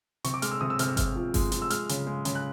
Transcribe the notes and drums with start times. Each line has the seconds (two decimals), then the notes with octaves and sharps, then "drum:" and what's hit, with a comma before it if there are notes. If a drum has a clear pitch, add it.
0.24 C3 C#6, drum: hi-hat
0.34 D6
0.42 G#3 F6, drum: hi-hat
0.51 E6
0.61 C3 D#6
0.70 E6
0.79 C3 F6, drum: hi-hat
0.88 E6
0.97 C3 F6, drum: kick G1, hi-hat
1.16 F3
1.34 G#3, drum: kick G1, open hi-hat
1.52 F3, drum: hi-hat
1.62 E6
1.70 G#3 F6, drum: hi-hat
1.89 C#3, drum: hi-hat
2.07 G#3
2.25 C#3, drum: hi-hat
2.35 F#6